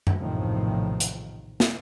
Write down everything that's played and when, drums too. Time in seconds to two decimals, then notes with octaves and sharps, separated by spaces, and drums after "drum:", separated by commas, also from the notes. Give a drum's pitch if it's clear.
0.07 drum: tom F#2
0.16 A#1 E2 A2 C3 D#3 F3
1.00 drum: hi-hat
1.60 drum: snare